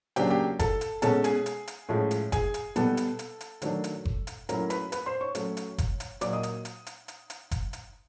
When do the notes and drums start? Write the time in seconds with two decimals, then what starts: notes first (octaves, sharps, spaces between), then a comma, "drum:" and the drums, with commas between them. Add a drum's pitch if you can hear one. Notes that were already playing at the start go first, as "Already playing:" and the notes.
0.16 C#3 F#3 A#3 D4 G4 G5, drum: hi-hat
0.30 G4 G5
0.59 A4 A5, drum: kick F#1, hi-hat
0.81 drum: hi-hat
1.02 B2 G#3 C#4 A4 A5, drum: hi-hat
1.24 G#4 G#5, drum: hi-hat
1.46 drum: hi-hat
1.68 drum: hi-hat
1.89 A2 F3 G#3 C#4
2.11 drum: hi-hat
2.32 G#4 G#5, drum: kick F#1, hi-hat
2.54 drum: hi-hat
2.76 B2 G3 B3 A4 A5, drum: hi-hat
2.97 drum: hi-hat
3.19 drum: hi-hat
3.41 drum: hi-hat
3.62 D#3 F#3 A3 D4, drum: hi-hat
3.84 drum: hi-hat
4.05 drum: kick F#1
4.27 drum: hi-hat
4.49 F#3 A3 C#4 E4 A#4 A#5, drum: hi-hat
4.70 B4 B5, drum: hi-hat
4.92 B4 B5, drum: hi-hat
5.06 C5 C6
5.21 C#5 C#6
5.35 F#3 A3 C#4, drum: hi-hat
5.57 drum: hi-hat
5.78 drum: kick F#1, hi-hat
6.00 drum: hi-hat
6.21 A#2 F#3 A#3 D5 D6, drum: hi-hat
6.33 D#5 D#6
6.43 drum: hi-hat
6.65 drum: hi-hat
6.87 drum: hi-hat
7.08 drum: hi-hat
7.30 drum: hi-hat
7.51 drum: kick F#1, hi-hat
7.73 drum: hi-hat